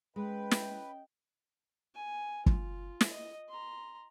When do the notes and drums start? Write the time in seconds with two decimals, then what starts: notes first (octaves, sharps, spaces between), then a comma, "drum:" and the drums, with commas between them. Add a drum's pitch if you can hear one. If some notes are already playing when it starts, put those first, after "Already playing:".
0.16 G#3 C#4 B4 D#5 G5
0.51 drum: snare
1.95 G#5
2.46 F4, drum: kick
3.01 drum: snare
3.11 D#5
3.49 A#5 C6